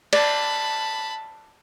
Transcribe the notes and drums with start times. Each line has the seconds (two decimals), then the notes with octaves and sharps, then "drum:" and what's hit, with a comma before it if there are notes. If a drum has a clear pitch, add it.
0.13 D5 A5 B5, drum: cymbal